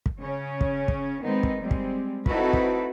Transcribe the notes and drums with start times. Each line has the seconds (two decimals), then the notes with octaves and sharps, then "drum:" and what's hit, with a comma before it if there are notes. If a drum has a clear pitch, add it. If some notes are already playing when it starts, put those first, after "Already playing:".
0.06 drum: kick
0.20 C#3 C#4 C#5
0.61 drum: kick
0.88 drum: kick
1.23 D#3 G#3 B3 C4 D#4
1.43 drum: kick
1.62 G3 G#3 C4
1.71 drum: kick
2.26 C4 D#4 E4 F#4 A4 B4, drum: kick
2.53 drum: kick